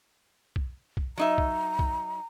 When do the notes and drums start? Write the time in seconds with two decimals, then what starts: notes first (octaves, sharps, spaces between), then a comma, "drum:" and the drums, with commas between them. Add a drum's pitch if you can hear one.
0.56 drum: kick B1
0.97 drum: kick B1
1.18 F#3 D#4 E5 A#5
1.38 drum: kick B1
1.79 drum: kick B1